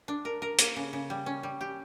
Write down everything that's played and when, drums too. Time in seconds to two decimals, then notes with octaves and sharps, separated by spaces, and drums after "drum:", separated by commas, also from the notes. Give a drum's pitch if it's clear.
0.08 D4
0.25 A#4
0.42 A#4
0.59 A#3, drum: hi-hat
0.76 C#3
0.93 C#3
1.10 G3
1.26 C#4
1.43 G3
1.61 G4